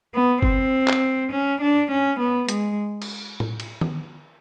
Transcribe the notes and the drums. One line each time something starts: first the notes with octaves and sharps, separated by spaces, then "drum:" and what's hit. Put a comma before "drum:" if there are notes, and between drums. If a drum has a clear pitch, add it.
B3
C4, drum: kick G1
drum: clap
C#4
D4
C#4
B3
G#3, drum: hi-hat
drum: cymbal
drum: tom A2
drum: cymbal
drum: tom D#3